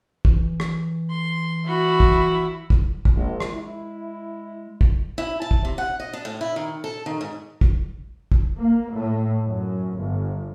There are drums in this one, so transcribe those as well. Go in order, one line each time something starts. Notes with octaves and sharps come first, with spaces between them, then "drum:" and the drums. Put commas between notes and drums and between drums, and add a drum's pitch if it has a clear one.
E3, drum: kick
drum: rim click
C6
E4 F#4 B5
drum: kick
drum: kick
drum: kick
A#1 G#3
drum: rim click
E4
drum: kick
E4
A5
drum: kick
C3
F#5
D#5
D4
A2
E4
D#3
A4
D#3
G#2
drum: kick
drum: kick
A#3
A2
F#2
G1